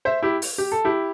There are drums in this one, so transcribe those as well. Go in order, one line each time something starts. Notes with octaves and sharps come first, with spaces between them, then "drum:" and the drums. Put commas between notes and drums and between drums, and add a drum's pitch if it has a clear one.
C5 E5
E4 G4
drum: open hi-hat
G4
A4
E4 G4